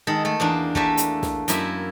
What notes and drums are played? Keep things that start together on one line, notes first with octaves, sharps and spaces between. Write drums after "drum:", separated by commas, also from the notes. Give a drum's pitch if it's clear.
D#3 G#3 A4
A3 A4
E2 A#3 D4
A3 A#3 G4 D5 E5, drum: kick
drum: hi-hat
drum: snare
F#2 A#3 E4 E5, drum: hi-hat